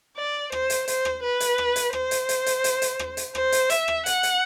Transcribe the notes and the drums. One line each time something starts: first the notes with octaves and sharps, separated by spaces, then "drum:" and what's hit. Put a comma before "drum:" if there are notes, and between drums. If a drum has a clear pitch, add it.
D5
C5, drum: rim click
drum: hi-hat
C5, drum: hi-hat
drum: rim click
B4
drum: hi-hat
drum: rim click
drum: hi-hat
C5, drum: rim click
drum: hi-hat
drum: hi-hat
drum: hi-hat
drum: hi-hat
drum: hi-hat
drum: rim click
drum: hi-hat
C5, drum: rim click
drum: hi-hat
E5, drum: hi-hat
drum: rim click
F#5, drum: hi-hat
drum: hi-hat